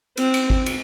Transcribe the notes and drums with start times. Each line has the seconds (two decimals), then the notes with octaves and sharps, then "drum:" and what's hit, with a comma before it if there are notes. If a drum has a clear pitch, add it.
0.17 C4, drum: cymbal
0.34 drum: cymbal
0.50 drum: kick G#1
0.66 drum: cymbal